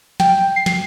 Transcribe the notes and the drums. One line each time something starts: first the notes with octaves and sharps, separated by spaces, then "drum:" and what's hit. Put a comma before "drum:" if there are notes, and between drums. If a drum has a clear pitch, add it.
G5, drum: snare
C7
drum: snare